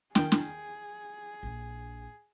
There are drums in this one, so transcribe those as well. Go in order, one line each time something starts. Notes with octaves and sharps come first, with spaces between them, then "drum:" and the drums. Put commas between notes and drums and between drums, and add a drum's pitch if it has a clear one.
D#2 D#3 G#4 G5, drum: snare
drum: snare
A#1 D4